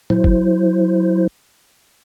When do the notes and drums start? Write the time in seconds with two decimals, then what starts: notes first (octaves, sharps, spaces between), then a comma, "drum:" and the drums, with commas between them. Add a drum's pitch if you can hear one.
0.10 F#3 E4 C5, drum: tom
0.24 drum: kick